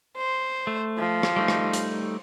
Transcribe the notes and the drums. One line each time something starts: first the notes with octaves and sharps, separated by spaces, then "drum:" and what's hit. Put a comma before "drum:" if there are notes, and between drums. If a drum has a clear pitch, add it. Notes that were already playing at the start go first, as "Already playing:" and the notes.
C5
A3
F3
drum: rim click
G3 A3 D#4
drum: rim click
drum: hi-hat